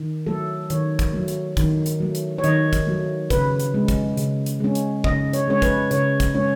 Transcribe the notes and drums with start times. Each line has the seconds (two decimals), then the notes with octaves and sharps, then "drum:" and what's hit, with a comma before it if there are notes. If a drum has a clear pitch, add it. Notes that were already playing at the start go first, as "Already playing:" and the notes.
Already playing: D#3
0.27 F#3 A3 A4
0.70 D#3 C#5, drum: hi-hat
0.99 drum: kick, hi-hat
1.14 F#3 A3
1.28 drum: hi-hat
1.57 D#3, drum: kick, hi-hat
1.86 drum: hi-hat
2.00 F#3 A3
2.15 drum: hi-hat
2.38 C#5
2.44 D#3 D#5, drum: hi-hat
2.73 drum: kick, hi-hat
2.87 F#3 A3
3.30 C#3 B4, drum: kick, hi-hat
3.60 drum: hi-hat
3.74 G#3 C#4
3.88 drum: kick, hi-hat
4.17 C#3, drum: hi-hat
4.46 drum: hi-hat
4.60 G#3 C#4
4.75 drum: hi-hat
5.04 C#3 D#5, drum: kick
5.33 C#5, drum: hi-hat
5.48 G#3 C#4 C#5
5.62 B4, drum: kick, hi-hat
5.91 C#3 C#5, drum: hi-hat
6.20 drum: kick, hi-hat
6.34 G#3 C#4 C#5